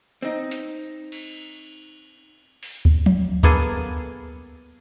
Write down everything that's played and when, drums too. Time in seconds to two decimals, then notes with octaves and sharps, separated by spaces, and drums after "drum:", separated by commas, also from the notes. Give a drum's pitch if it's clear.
0.22 C4 D#4
0.51 drum: hi-hat
1.12 drum: cymbal
2.63 drum: open hi-hat
2.85 drum: kick D2
3.06 drum: tom F3
3.43 A#3 B3 G#4 A4, drum: kick D2